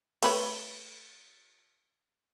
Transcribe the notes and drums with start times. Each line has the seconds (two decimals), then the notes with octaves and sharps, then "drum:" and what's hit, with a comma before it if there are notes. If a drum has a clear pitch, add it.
0.22 A3 B4 C#5, drum: cymbal